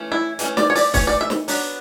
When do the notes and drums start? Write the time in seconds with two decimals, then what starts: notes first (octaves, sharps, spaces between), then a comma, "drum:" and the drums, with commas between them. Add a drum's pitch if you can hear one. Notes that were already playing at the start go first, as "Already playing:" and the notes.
Already playing: E3 A3 C#4
0.12 E4
0.39 E3 A3 C#4, drum: hi-hat
0.57 D5, drum: snare
0.70 C#5
0.75 D5, drum: open hi-hat
0.94 E3 A3 C#5, drum: kick, open hi-hat
1.07 D5
1.21 E5
1.30 drum: snare
1.48 F#3 B3 D4, drum: open hi-hat